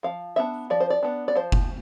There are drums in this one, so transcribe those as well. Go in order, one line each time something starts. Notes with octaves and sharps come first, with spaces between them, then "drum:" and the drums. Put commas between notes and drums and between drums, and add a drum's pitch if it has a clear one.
F3 F5
B3 D4 E5
F3 D5
C5
D5
B3 D4
D5
F3 C5
drum: kick F#1